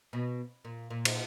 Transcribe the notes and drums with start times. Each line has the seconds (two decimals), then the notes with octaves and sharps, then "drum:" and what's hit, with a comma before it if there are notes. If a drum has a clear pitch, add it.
0.13 B2
0.65 A#2
0.90 A#2
1.05 drum: cymbal